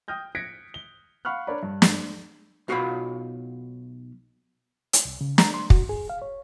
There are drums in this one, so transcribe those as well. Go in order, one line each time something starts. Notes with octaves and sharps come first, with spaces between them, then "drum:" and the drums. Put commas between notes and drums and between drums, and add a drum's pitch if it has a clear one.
G5 D#6 F6 G6 A#6
F#6 G#6 A#6 B6 C#7 D7
G7
F5 F#5 B5 C#6 F6 F#6
D4 A#4 C#5 D5 B5
G2
drum: snare
B1 F4 F#4 F5 F#5 B5
drum: hi-hat
C2
C#3
A#5, drum: snare
C6
F#4, drum: kick
G#4
F5
C#5